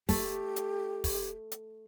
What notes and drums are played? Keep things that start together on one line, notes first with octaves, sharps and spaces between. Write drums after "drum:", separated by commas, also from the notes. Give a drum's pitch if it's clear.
A3 G4, drum: kick, open hi-hat
drum: hi-hat
drum: kick, open hi-hat
drum: hi-hat